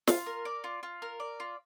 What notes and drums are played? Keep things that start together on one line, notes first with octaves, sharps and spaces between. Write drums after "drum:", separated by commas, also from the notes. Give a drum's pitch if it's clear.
F4, drum: snare
A#4
D5
F4
F4
A#4
D5
F4